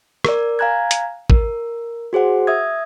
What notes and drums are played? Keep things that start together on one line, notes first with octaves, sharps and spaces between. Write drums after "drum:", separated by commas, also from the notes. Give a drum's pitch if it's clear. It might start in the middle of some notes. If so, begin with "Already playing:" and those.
A#4 D5, drum: rim click
F5 G#5 A#5 F#6 G#6
drum: hi-hat
A#4, drum: kick
F#4 G#4 C5 F#5
E5 D#6 G#6